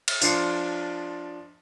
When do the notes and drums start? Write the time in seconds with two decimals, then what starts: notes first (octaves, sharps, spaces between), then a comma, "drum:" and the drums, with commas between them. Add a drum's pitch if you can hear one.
0.08 drum: cymbal
0.22 F3 D4 C6 C7 C#7, drum: tambourine